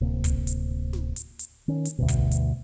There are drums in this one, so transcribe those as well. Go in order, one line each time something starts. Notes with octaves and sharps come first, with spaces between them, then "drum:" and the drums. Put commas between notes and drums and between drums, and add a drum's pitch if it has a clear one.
D1 C3 A#3
drum: kick, hi-hat
drum: hi-hat
drum: snare
drum: hi-hat
drum: hi-hat
D#3 C#4
drum: hi-hat
D2 G2 B2
drum: kick, hi-hat
drum: hi-hat